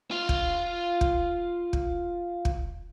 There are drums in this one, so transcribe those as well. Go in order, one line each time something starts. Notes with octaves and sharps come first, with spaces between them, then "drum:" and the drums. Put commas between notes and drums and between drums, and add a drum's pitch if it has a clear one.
F4 F5
drum: kick
drum: kick
drum: kick
drum: kick